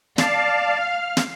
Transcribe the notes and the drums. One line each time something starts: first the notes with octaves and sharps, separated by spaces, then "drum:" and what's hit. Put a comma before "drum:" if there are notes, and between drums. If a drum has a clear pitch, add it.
D5 F5 A5, drum: snare
F6
drum: snare